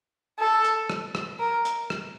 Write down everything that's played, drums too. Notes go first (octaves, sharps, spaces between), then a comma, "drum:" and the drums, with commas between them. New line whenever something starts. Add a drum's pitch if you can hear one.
A4
drum: hi-hat
drum: rim click
drum: rim click
A#4
drum: hi-hat
drum: rim click